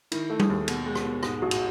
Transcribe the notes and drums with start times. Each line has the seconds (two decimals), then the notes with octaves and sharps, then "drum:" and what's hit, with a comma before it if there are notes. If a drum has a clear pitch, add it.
0.12 D#3 E4, drum: cymbal
0.30 A3 A4
0.40 G#4, drum: tom G3
0.49 D#2
0.68 B2, drum: cymbal
0.86 G#3
0.95 drum: rim click
1.05 B2
1.23 G#2 G#4, drum: rim click
1.42 A1 F#4
1.51 drum: cymbal